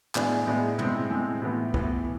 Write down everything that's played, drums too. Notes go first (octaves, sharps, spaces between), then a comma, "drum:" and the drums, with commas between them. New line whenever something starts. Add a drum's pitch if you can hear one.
A2 G#3 B3 D4 G#4, drum: clap
A2 G#3 B3 D4 G#4
A2 G#3 C4, drum: tom
A2 G#3 C4
A2 E3 B3
A2 E3 B3, drum: kick